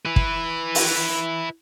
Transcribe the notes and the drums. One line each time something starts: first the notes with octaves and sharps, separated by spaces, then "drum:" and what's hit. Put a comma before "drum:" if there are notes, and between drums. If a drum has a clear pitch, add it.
E4 B4
drum: kick
drum: open hi-hat